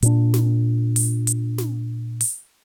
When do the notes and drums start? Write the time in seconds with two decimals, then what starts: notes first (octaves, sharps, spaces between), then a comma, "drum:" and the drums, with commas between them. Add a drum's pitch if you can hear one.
0.02 A#2 D4, drum: hi-hat
0.34 drum: snare
0.96 drum: open hi-hat
1.27 drum: hi-hat
1.58 drum: snare
2.21 drum: open hi-hat